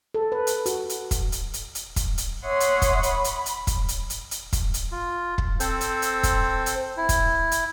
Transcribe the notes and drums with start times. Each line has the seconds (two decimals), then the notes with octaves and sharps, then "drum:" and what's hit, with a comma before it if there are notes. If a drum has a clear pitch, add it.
0.14 A4
0.32 B4
0.47 drum: hi-hat
0.66 F#4, drum: hi-hat
0.89 drum: hi-hat
1.11 drum: kick, hi-hat
1.32 drum: hi-hat
1.54 drum: hi-hat
1.75 drum: hi-hat
1.96 drum: kick, hi-hat
2.18 drum: hi-hat
2.44 C#5 E5 F#5 C6 D#6
2.60 drum: hi-hat
2.82 drum: kick, hi-hat
3.03 B5, drum: hi-hat
3.24 drum: hi-hat
3.46 drum: hi-hat
3.67 drum: kick, hi-hat
3.88 drum: hi-hat
4.10 drum: hi-hat
4.31 drum: hi-hat
4.53 drum: kick, hi-hat
4.74 drum: hi-hat
4.92 F4
5.38 drum: kick
5.60 C4 A4 C5, drum: hi-hat
5.81 drum: hi-hat
6.02 drum: hi-hat
6.23 drum: kick, hi-hat
6.66 drum: hi-hat
6.97 E4
7.09 drum: kick, hi-hat
7.52 drum: hi-hat